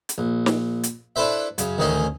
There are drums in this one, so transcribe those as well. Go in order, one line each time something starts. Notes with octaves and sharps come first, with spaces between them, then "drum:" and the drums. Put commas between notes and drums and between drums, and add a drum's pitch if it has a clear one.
drum: hi-hat
A#1
drum: snare
drum: hi-hat
D4 E4 A4 B4 C5 E5
F#2 C#3, drum: hi-hat
A1 D2 D#3 C#4 G#4 D#5